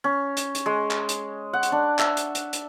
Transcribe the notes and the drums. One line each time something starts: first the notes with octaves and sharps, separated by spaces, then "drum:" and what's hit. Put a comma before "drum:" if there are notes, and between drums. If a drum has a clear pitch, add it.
C#4
drum: hi-hat
drum: hi-hat
G#3
drum: clap
drum: hi-hat
F#5
drum: hi-hat
D4
E5, drum: clap
drum: hi-hat
drum: hi-hat
drum: hi-hat